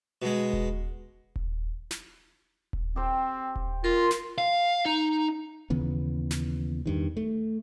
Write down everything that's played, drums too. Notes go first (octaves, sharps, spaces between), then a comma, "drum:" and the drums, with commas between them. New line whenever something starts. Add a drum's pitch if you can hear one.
B2 G#3
drum: kick D#1
drum: kick D#1
drum: snare
drum: kick D#1
C4 G4 C5
drum: kick D#1
F4 A#4 C6
drum: snare
F5
D#4
D#2 C#3 E3 B3
drum: snare
E2 G2 D#3
A3